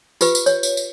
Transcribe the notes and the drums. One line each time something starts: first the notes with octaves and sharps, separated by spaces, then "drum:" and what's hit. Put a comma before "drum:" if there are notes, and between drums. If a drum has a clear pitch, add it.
F4 G4 B4, drum: tambourine
drum: tambourine
C#5, drum: tambourine
drum: tambourine
drum: tambourine